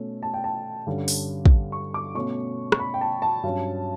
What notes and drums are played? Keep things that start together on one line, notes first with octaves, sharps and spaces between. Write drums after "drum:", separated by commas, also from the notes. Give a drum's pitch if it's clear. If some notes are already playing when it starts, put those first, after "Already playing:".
Already playing: B2 A3 C#4
A5
G5
A5
G2 D3 G3 C#4
drum: open hi-hat
drum: kick
C#6
D6
B2 A3 C#4 C#6
C#6, drum: rim click
B5
G5
A5
A5
G2 F#3 C#4